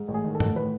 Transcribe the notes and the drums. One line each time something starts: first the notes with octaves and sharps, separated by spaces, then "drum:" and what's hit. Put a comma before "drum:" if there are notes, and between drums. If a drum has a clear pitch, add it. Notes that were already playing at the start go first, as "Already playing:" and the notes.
Already playing: G#2
A1
G#4
D#3
A4
A1, drum: tom G2
A2 B4